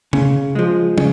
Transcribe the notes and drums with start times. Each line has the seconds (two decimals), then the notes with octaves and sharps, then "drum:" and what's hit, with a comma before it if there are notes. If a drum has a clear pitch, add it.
0.13 C#3, drum: tom C3
0.55 F3 G#3
0.98 C#3, drum: tom